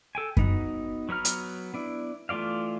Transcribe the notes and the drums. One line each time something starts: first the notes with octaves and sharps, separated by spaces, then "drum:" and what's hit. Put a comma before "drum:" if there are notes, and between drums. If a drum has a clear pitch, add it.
A4 G5 G#5
B3 D#4 F#4, drum: kick F#2
F#3 B3 A#5 F6
drum: hi-hat
B3 D4 E4
E3 A3 F4 D5 F5